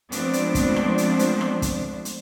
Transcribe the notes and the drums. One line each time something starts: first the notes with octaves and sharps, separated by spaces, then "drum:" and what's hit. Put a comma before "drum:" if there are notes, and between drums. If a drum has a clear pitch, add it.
F3 G#3 A3 B3 C4 D4, drum: hi-hat
drum: hi-hat
drum: kick, hi-hat
drum: rim click
drum: hi-hat
drum: hi-hat
drum: rim click
drum: kick, hi-hat
drum: hi-hat